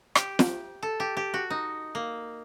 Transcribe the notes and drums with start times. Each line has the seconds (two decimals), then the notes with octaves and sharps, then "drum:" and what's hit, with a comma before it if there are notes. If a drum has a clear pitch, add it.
0.15 G4, drum: rim click
0.39 drum: snare
0.83 A4
1.00 G4
1.17 G4
1.34 F#4
1.50 D#4
1.95 A#3